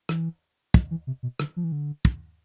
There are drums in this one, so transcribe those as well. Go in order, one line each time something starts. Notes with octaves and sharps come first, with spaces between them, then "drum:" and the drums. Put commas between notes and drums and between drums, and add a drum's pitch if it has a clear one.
E3, drum: rim click
F3, drum: kick
E3
C3
B2
D3, drum: rim click
F3
E3
D3
drum: kick